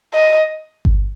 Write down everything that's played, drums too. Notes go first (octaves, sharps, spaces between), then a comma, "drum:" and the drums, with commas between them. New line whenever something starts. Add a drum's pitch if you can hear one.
D#5
drum: kick G1